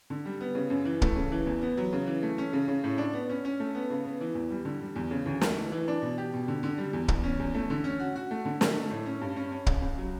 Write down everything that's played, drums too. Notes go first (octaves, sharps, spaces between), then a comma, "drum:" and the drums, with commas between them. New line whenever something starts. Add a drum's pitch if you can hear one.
D3
G3
B3
C#3
F#2
E3
A3, drum: kick
C#3
E3
E2
B3
F#3
C#3
E3
A3
C#4
C#3
C#3
A2
D4
B3
C#4
C#4
A3
B3
C#3
B3
E3
E2
G3
D3
G3
E2
C#3
D2
A3, drum: snare
E3
E3
D4
B2
G4
B2
D3
D3
G3
E2
E2, drum: kick
C#4
E2
A3
D3
C#4
F#4
F#4
A3
D3
D3, drum: snare
A3
A2
C#4
G2
C#4
C#4
C#2, drum: kick
C#2
F#3